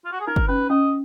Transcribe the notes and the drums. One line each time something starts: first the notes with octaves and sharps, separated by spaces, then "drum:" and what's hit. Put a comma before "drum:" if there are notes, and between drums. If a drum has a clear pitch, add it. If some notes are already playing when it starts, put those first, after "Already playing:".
F4
F#4
G#4
D#4 A#4
drum: kick
C#4 B4
C#4 D#5